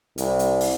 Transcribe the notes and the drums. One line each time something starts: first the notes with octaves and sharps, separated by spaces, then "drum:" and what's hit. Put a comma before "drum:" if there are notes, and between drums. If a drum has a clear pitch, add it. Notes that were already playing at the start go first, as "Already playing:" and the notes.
C2, drum: hi-hat
drum: hi-hat
drum: open hi-hat